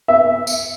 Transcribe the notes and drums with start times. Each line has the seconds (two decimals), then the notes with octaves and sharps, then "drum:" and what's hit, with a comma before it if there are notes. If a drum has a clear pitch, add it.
0.08 E5
0.47 drum: tambourine